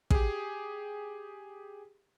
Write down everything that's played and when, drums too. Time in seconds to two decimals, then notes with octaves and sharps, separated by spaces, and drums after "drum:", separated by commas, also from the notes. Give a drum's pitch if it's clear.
0.10 G4 G#4, drum: kick